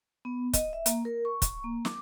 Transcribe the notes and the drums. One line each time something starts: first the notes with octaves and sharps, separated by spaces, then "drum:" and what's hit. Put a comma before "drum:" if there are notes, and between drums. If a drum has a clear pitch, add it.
B3
D#5, drum: kick, hi-hat
E5
A#3, drum: hi-hat
A#4
C#6
drum: kick, hi-hat
A#3
D6, drum: snare